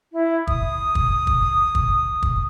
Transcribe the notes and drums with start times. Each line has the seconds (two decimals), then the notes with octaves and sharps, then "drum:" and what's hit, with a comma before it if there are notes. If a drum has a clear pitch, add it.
0.13 E4
0.47 D#6, drum: kick
0.95 drum: kick
1.27 drum: kick
1.75 drum: kick
2.22 drum: kick